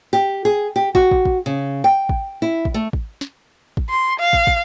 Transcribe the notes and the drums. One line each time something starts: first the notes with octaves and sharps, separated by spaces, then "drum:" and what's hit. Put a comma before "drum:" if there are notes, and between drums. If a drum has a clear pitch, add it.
G4
G#4
G4
F#4, drum: kick
drum: kick
drum: kick
C#3
G5
drum: kick
E4
drum: kick
A3
drum: kick
drum: snare
drum: kick
C6
F5
drum: kick
drum: kick